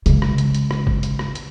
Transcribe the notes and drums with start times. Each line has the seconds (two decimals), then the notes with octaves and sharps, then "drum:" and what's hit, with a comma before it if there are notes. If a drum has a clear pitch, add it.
0.06 C#3 G#3, drum: hi-hat
0.22 drum: rim click
0.38 drum: hi-hat
0.54 drum: hi-hat
0.71 drum: rim click
0.87 drum: kick
1.03 drum: hi-hat
1.19 drum: rim click
1.35 drum: hi-hat